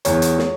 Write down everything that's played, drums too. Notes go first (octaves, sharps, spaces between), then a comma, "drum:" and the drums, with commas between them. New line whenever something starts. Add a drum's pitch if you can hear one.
E2 C#5, drum: hi-hat
drum: hi-hat
drum: snare